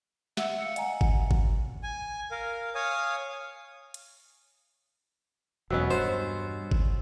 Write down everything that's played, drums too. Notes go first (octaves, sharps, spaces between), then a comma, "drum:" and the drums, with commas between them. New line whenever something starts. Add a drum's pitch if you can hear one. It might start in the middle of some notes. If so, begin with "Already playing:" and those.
E5 F#5 E6, drum: snare
F5 C#7
D#5 G#5 A#5, drum: hi-hat
drum: kick G1
drum: kick G1
G#5
A#4 F5
C#5 F5 G#5 D#6
drum: hi-hat
E1 F#3 B3 C#4 D#5 E6
G2 C5
drum: kick G1